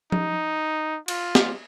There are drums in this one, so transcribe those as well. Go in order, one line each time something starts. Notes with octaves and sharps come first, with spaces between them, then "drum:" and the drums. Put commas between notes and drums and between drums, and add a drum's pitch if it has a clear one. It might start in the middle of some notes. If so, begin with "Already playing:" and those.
D#4, drum: tom F3
F4, drum: cymbal
drum: snare